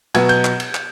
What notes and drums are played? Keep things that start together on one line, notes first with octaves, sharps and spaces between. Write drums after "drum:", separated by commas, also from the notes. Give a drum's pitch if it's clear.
B2 F#3 B3 G#6, drum: cymbal
G6, drum: cymbal
drum: clap
drum: cymbal
drum: clap